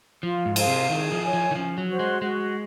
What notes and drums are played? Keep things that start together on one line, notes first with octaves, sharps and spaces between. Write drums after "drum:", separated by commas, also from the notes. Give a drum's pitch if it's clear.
F3 F4
G#2
G#4 C5 F5, drum: cymbal
C3
D#3 G#4
F3
C#5 G#5
F3
D#3
F3 C#4
F#3
F#4 C5
G#3
G#3 F#4